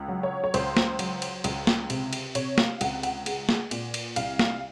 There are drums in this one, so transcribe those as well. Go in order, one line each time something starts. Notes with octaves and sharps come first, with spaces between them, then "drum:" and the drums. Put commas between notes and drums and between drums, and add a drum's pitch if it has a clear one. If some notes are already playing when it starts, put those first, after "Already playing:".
Already playing: C#2
F#3
C#5
C#5
C#2 C5, drum: cymbal
drum: snare
F#3, drum: cymbal
drum: cymbal
C#2, drum: cymbal
drum: snare
C3, drum: cymbal
drum: cymbal
C3 C#5, drum: cymbal
F5, drum: snare
C#2 F#5, drum: cymbal
F#5, drum: cymbal
G#3, drum: cymbal
drum: snare
A#2, drum: cymbal
drum: cymbal
C2 F5, drum: cymbal
F5, drum: snare